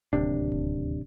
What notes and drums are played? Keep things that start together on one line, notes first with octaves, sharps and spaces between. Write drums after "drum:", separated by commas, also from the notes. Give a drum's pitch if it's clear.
D1 D#2 C3 D4, drum: kick D#1
drum: kick D#1